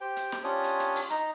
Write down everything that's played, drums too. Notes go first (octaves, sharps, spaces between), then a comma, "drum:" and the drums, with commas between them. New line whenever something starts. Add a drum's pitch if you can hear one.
G4 C5 G5
drum: hi-hat
drum: snare
C#4 D4 F4 G4 C#5 D#6
drum: hi-hat
drum: hi-hat
drum: open hi-hat
D#4 A#5, drum: hi-hat